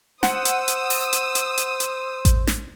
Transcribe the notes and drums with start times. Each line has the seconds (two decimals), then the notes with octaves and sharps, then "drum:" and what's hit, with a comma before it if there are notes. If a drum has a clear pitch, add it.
0.23 C5 F#5 D#6 E6, drum: snare
0.45 drum: hi-hat
0.68 drum: hi-hat
0.90 drum: open hi-hat
1.13 drum: hi-hat
1.35 drum: hi-hat
1.58 drum: hi-hat
1.80 drum: hi-hat
2.25 drum: kick A1, hi-hat
2.47 drum: snare